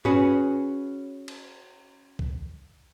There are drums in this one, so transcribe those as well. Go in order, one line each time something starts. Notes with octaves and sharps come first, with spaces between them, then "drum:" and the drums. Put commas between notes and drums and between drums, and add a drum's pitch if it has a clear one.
C#4 F#4 G#4 B4, drum: tom G2
drum: cymbal
drum: kick C2